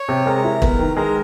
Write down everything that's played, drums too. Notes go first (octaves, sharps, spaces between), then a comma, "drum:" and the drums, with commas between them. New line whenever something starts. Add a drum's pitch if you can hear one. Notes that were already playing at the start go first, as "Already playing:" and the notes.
Already playing: C#5
C3
G#3 A#4
E4
B3, drum: kick
D#3
G#3 A#4